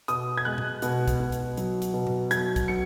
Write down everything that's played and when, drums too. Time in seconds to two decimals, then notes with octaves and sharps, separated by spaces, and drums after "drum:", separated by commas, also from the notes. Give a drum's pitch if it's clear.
0.08 B2 D#6, drum: hi-hat
0.38 G#6
0.45 G#3 F#6
0.58 drum: tom A#2
0.82 B2, drum: hi-hat
1.08 drum: kick, hi-hat
1.20 B2
1.32 drum: hi-hat
1.57 F#3, drum: hi-hat
1.82 drum: hi-hat
1.94 B2
2.07 drum: tom A#2
2.31 F#3 G#6, drum: hi-hat
2.56 drum: kick, hi-hat
2.68 F#3 C#7